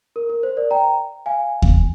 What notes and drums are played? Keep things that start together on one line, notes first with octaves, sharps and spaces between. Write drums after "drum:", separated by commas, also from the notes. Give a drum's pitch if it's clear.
A#4
A#4
C5
A#4 D5
G5 A#5
F5 G#5
drum: kick D#2